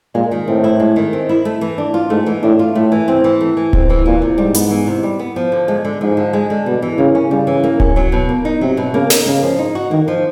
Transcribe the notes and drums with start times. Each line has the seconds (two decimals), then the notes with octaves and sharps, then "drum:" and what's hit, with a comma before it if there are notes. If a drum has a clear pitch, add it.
0.15 A#2 G#3
0.32 D#3
0.47 A2 C4
0.64 E4
0.80 G#3
0.96 D#3
1.13 C4
1.29 E4
1.45 A3
1.61 E3
1.78 D4
1.94 F4
2.10 G#2 A3
2.26 E3
2.43 A2 D4
2.59 F4
2.75 A2 A3
2.92 E3
3.08 C4
3.24 E3
3.41 A3
3.57 E3
3.73 C4, drum: kick D1
3.90 E3
4.06 A#2 E3
4.22 C3
4.38 G#2 G3
4.54 B3, drum: hi-hat
4.71 E3
4.87 C3
5.03 G3
5.19 B3
5.36 F3
5.52 D3
5.68 G#3
5.85 D3
6.01 G#2 F3
6.17 D3
6.33 G#3
6.50 D3
6.66 B2 G3
6.82 E3
6.98 C#3 A#3
7.15 C#4
7.31 C#3 G3
7.47 E3
7.64 A#3
7.80 C#4, drum: kick D1
7.96 F#3
8.12 B2
8.29 A#3
8.45 D#4
8.61 C3 F#3
8.77 B2
8.94 C#3 A#3
9.10 D#4, drum: snare
9.26 C#3 A#3
9.42 F3
9.59 D#4
9.75 F#4
9.91 D#3 A#3
10.08 F3